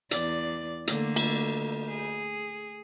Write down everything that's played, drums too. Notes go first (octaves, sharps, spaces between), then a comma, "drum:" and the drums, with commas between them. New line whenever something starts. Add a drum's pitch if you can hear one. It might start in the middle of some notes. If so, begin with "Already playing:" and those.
E2 D5, drum: hi-hat
D3 A3 A#3, drum: hi-hat
drum: cymbal
G#4